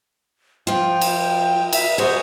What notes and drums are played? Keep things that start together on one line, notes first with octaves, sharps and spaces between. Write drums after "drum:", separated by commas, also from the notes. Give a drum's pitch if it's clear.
F3 F4 G5
drum: cymbal
E5, drum: cymbal
F#4 G#4 C5